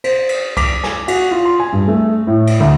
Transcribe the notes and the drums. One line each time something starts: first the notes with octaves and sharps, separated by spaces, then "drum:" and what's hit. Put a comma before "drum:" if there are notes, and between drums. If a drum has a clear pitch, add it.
C5, drum: cymbal
drum: cymbal
D6, drum: kick C2, cymbal
G#5, drum: snare
F#4, drum: cymbal
F4
C6
G#5
G2
A3
A2
drum: cymbal
D2